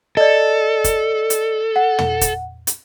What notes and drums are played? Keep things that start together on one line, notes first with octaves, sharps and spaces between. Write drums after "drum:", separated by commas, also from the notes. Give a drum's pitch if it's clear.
A4 D5 D#5
drum: kick, hi-hat
drum: hi-hat
F#5
drum: tom
drum: kick, hi-hat
drum: hi-hat